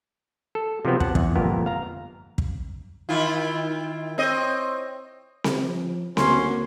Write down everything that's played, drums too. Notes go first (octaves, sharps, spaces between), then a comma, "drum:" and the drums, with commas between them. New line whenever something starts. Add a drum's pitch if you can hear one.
A4
C3 F3 F#3 B3 C4
F#5 A5, drum: kick
E2, drum: kick
G1 F2 A#2 B3 A#4
F5 A#5
drum: kick
D#3 E4 F4
C4 C#5 D#5
drum: snare C4
F3
D2 A#3 C#4 F#4 C6, drum: snare C4